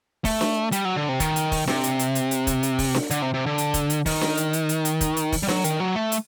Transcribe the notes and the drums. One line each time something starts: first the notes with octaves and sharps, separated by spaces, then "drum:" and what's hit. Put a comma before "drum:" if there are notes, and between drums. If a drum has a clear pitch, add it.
A3, drum: kick, open hi-hat
drum: snare D4
G3, drum: hi-hat
F#3
D3
C3
D#3, drum: kick, hi-hat
drum: hi-hat
drum: kick, open hi-hat
C3, drum: snare D4
drum: hi-hat
drum: hi-hat
drum: hi-hat
drum: hi-hat
drum: kick, hi-hat
drum: hi-hat
drum: kick, open hi-hat
drum: snare D4
D3, drum: hi-hat
C3
C3
D3
drum: hi-hat
drum: kick, hi-hat
drum: hi-hat
D#3, drum: kick, open hi-hat
drum: snare D4
drum: hi-hat
drum: hi-hat
drum: hi-hat
drum: hi-hat
drum: kick, hi-hat
drum: hi-hat
drum: kick, open hi-hat
G3
F#3, drum: snare D4
D#3, drum: hi-hat
F#3
A3
drum: hi-hat